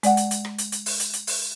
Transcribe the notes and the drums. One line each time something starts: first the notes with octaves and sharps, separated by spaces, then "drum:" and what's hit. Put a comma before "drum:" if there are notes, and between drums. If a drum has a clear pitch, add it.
G#3 D5 F#5, drum: hi-hat
drum: hi-hat
drum: hi-hat
drum: rim click
drum: hi-hat
drum: hi-hat
drum: open hi-hat
drum: hi-hat
drum: hi-hat
drum: open hi-hat